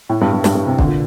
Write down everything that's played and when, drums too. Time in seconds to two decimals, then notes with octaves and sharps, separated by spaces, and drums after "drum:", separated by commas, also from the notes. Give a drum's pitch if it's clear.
0.09 A2
0.21 G2
0.33 G2
0.44 G2, drum: snare
0.55 G2
0.66 C3
0.79 D3, drum: kick
0.87 A#2